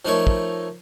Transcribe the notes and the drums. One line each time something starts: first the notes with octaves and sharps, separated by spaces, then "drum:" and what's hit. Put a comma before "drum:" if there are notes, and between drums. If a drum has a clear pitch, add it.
F3 A3 D#4 A#4 C#5 E5
drum: kick